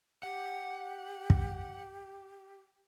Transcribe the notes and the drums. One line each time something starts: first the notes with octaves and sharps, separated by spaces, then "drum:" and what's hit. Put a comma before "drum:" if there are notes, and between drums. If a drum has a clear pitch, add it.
G4 F#5
drum: kick